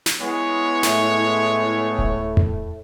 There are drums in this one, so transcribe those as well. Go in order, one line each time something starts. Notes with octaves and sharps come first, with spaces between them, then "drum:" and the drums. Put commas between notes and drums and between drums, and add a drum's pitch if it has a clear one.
drum: snare
G#3 B3 E4 C#5
A2 A3, drum: snare
drum: kick D1
drum: tom E2